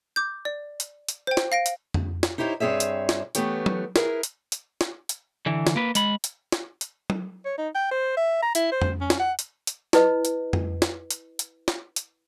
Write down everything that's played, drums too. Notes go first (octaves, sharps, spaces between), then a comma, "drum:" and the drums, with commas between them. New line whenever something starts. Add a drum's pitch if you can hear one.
D6 G6
D5
drum: hi-hat
drum: hi-hat
C5 G5
drum: snare
F5 A#6 D7
drum: hi-hat
drum: tom F2
drum: snare
D#4 E4 G4 C5 C#5
G2 C4 G#4 C#5 E5
drum: hi-hat
drum: snare
E3 A3 B3 G4 C#5, drum: hi-hat
drum: tom F#3
E4 G#4 A#4 B4, drum: snare
drum: hi-hat
drum: hi-hat
drum: snare
drum: hi-hat
D3 E3
drum: snare
A#3 B4
G#3 B5, drum: hi-hat
drum: hi-hat
drum: snare
drum: hi-hat
drum: tom F#3
C#5
D#4
G5
C5
E5
A#5
E4, drum: hi-hat
C5
drum: tom F2
C#4
drum: snare
F#5
drum: hi-hat
drum: hi-hat
E4 B4 D#5, drum: snare
drum: hi-hat
drum: tom F2
drum: snare
drum: hi-hat
drum: hi-hat
drum: snare
drum: hi-hat